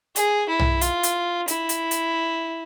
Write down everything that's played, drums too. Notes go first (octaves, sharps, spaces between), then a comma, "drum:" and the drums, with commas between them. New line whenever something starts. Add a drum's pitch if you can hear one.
G#4, drum: hi-hat
E4
drum: tom B1
F4, drum: hi-hat
drum: hi-hat
E4, drum: hi-hat
drum: hi-hat
drum: hi-hat